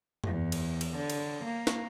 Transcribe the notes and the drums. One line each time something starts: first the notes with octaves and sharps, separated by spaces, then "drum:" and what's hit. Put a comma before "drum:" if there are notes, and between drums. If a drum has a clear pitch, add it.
E2, drum: tom F#2
drum: cymbal
drum: cymbal
D3
drum: cymbal
A#3
drum: snare